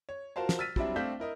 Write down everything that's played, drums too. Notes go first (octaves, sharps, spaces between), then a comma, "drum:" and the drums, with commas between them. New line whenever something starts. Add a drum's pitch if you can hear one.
C#5
F4 F#4 A#4 C5 F5 A5
drum: snare
E6 F6 A6 B6 D#7
F#3 G3 C4 D4 E4 E5, drum: kick
A3 C4 D4 F5 G6 B6
E4 A#4 D#5